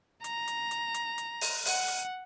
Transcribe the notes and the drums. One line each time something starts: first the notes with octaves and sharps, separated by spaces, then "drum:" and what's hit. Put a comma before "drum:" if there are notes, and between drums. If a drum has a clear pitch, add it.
A#5, drum: hi-hat
drum: hi-hat
drum: hi-hat
drum: hi-hat
drum: hi-hat
drum: open hi-hat
F#5, drum: open hi-hat
drum: hi-hat